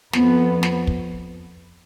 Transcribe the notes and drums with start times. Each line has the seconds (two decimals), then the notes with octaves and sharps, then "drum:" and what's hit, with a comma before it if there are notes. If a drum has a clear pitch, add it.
0.13 F2 F3 B3, drum: snare
0.63 drum: snare
0.87 drum: kick